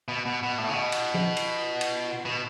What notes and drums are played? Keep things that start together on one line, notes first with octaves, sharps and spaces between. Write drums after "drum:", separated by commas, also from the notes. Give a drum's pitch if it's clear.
B2
B2
B2
A2
C#3
B2
drum: cymbal
drum: tom F3
drum: cymbal
drum: cymbal
B2